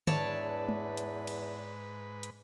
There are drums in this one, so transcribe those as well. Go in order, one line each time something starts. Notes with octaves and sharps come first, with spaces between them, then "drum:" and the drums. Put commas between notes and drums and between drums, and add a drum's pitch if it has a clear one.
E2 G#2 D4 B4 C#5 D5 E5 A5, drum: tom D3
drum: tom G#3
drum: hi-hat
drum: cymbal
drum: hi-hat